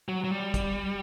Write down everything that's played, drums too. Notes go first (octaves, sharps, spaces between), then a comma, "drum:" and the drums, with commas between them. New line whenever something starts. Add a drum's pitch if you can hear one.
F#3
F#3
G3
drum: kick, hi-hat